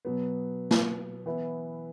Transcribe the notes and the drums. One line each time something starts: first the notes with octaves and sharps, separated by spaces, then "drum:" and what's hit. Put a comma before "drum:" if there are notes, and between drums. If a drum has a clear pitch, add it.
B2 F#3 B3
drum: snare
E3 B3 E4